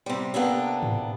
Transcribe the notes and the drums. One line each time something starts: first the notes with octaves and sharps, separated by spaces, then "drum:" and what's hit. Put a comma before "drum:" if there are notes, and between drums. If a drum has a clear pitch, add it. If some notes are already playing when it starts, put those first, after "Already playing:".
C3 G3
C3 A#3 B3 D4 A4
drum: tom G#2